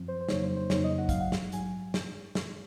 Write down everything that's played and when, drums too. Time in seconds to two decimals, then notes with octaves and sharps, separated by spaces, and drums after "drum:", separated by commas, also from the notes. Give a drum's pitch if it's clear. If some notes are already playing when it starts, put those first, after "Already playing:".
Already playing: F#2 F3 C4
0.08 C5
0.21 C5
0.29 F2 C#3 F#3 A#3 D#4 C#5, drum: snare
0.43 C5
0.56 C5
0.70 F2 C#3 F#3 A#3 D#4 C#5, drum: snare
0.84 D#5
0.98 F#5
1.09 A#1 G#2 F#3 F5, drum: kick, hi-hat
1.20 F#5
1.32 drum: snare
1.52 A#1 G#2 F#3 G#5, drum: hi-hat
1.94 drum: snare
2.35 drum: snare